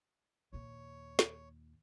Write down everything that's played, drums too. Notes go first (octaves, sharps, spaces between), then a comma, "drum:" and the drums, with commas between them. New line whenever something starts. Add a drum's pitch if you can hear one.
D#2 A#2 C#5
drum: snare